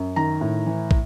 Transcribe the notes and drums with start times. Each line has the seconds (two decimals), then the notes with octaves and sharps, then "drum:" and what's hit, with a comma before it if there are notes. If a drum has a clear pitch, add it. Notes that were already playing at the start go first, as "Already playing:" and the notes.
Already playing: F#2
0.16 D#3 A#5
0.41 A2
0.66 E3
0.91 drum: kick